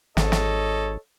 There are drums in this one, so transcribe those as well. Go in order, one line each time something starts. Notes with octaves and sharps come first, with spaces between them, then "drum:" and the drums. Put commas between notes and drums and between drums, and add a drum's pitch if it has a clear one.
G#1 A4 C#5 D#5, drum: snare
drum: snare